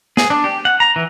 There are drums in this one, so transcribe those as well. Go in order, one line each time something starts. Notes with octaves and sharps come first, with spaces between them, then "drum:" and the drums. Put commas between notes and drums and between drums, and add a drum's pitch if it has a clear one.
G#4, drum: snare
D4
G4
F#5
A#5
E3